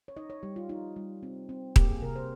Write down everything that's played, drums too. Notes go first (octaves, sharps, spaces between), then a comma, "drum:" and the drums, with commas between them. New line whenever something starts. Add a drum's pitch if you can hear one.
C#5
D#4 D#5
C#5
G3 G4
F4
D#4 F4
G3
C4
C4
A#3 G4, drum: kick D#1
G#4
C3 A#4
C5